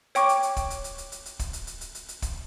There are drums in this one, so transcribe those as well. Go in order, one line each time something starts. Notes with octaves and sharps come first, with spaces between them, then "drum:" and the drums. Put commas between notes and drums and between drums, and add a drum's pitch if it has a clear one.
C#5 G5 C#6 D6, drum: hi-hat
drum: hi-hat
drum: hi-hat
drum: kick, hi-hat
drum: hi-hat
drum: hi-hat
drum: hi-hat
drum: hi-hat
drum: hi-hat
drum: kick, hi-hat
drum: hi-hat
drum: hi-hat
drum: hi-hat
drum: hi-hat
drum: hi-hat
drum: kick, hi-hat